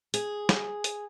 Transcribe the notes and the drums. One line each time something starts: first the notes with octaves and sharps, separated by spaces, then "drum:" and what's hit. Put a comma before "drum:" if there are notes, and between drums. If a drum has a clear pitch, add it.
G#4, drum: hi-hat
drum: snare
drum: hi-hat